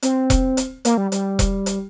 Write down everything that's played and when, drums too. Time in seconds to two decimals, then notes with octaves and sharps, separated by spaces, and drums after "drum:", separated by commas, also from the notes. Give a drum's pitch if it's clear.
0.02 C4, drum: hi-hat
0.30 drum: kick E1, hi-hat
0.57 drum: hi-hat
0.85 A#3, drum: hi-hat
0.97 G3
1.12 G3, drum: hi-hat
1.39 drum: kick E1, hi-hat
1.66 drum: hi-hat